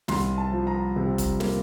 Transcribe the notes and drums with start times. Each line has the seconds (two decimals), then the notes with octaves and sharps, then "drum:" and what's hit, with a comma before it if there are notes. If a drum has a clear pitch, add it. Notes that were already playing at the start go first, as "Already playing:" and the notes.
0.08 C2 C6, drum: snare
0.38 A5
0.52 F3
0.67 A#5
0.96 C3
1.18 drum: kick, hi-hat
1.40 A#3, drum: snare